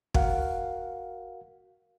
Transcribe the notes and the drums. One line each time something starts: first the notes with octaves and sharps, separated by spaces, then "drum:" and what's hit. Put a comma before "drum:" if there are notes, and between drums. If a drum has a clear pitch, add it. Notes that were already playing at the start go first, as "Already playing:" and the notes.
F#4 A#4 F5 F#5, drum: kick